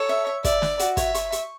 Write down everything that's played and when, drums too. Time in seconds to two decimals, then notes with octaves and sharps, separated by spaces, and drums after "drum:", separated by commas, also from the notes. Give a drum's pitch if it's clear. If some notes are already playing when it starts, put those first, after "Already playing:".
Already playing: A4 C#5
0.09 E5
0.27 E5
0.44 D5 E5, drum: kick, hi-hat
0.62 E5, drum: snare
0.79 F#4, drum: hi-hat
0.97 C#5 E5, drum: kick, hi-hat
1.14 C#6, drum: hi-hat
1.32 C#6, drum: hi-hat